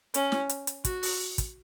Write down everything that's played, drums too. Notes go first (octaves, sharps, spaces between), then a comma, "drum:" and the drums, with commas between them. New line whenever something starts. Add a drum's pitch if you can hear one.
C#4, drum: hi-hat
drum: snare
drum: hi-hat
drum: hi-hat
F#4, drum: kick, hi-hat
drum: open hi-hat
drum: kick, hi-hat